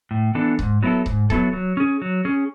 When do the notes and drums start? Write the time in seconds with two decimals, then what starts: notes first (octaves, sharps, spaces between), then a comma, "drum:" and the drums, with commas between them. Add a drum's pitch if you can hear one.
0.11 A2
0.35 E3 B3 D4 A4
0.59 G#2, drum: kick C#1
0.83 F#3 B3 E4 A4
1.06 G#2, drum: kick C#1
1.30 F#3 B3 E4 A4, drum: kick C#1
1.53 F#3
1.77 C#4 G#4
2.02 F#3
2.25 C#4 G#4